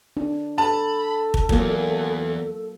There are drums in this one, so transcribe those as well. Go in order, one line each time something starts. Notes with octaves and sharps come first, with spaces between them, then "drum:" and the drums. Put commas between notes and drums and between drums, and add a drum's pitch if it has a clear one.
D4
A4 A5 B5
drum: kick
E2 F#3 A#3, drum: kick